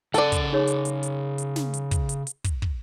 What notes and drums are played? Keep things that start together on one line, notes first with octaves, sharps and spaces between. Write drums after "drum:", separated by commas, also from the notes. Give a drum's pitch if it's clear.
C#3 A4 D5 F#5 A5, drum: hi-hat
drum: kick, hi-hat
D#4 G#4 C#5
drum: hi-hat
drum: hi-hat
drum: hi-hat
drum: hi-hat
drum: snare
drum: hi-hat
drum: kick, hi-hat
drum: hi-hat
drum: hi-hat
drum: kick, hi-hat
drum: kick